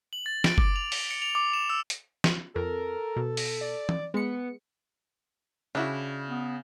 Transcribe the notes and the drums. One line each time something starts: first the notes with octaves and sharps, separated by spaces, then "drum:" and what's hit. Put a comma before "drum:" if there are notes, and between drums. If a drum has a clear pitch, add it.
F#7
A6
D7, drum: snare
D6, drum: kick F#1
F7
G7, drum: open hi-hat
C#7
F7
D6
E7
E6
drum: hi-hat
drum: snare
F2 A4 A#4
B2
drum: open hi-hat
D5
drum: tom E3
G#3 B3 C#7
C#3 D4 E4 F#4
B3